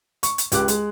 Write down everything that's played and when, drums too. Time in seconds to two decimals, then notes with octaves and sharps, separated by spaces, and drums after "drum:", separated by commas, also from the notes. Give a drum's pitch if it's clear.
0.23 C#6, drum: hi-hat
0.38 drum: hi-hat
0.52 C#2 G4 D6 F#6, drum: hi-hat
0.68 G#3, drum: hi-hat